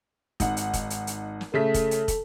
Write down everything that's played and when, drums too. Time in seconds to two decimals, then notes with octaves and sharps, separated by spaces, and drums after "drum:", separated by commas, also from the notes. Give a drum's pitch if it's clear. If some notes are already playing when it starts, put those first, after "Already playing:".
0.40 G#1 D#4 F#5, drum: kick, hi-hat
0.57 drum: hi-hat
0.73 drum: kick, hi-hat
0.90 drum: hi-hat
1.07 drum: hi-hat
1.41 drum: snare
1.54 C#3 A3 A4 B6
1.74 drum: kick, hi-hat
1.91 drum: hi-hat
2.08 drum: kick, hi-hat